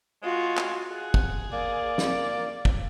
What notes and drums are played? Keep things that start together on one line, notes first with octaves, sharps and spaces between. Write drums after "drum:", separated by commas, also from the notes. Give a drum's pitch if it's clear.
G#3 F4 F#4
drum: clap
G#4 F#5
drum: kick
A#3 D5
drum: snare
drum: kick